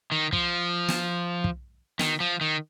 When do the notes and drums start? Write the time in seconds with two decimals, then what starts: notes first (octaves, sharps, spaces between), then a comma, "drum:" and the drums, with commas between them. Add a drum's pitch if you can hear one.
0.12 D#3
0.33 F3, drum: kick
0.89 drum: snare
1.44 drum: kick
1.99 D#3, drum: snare
2.20 F3
2.41 D#3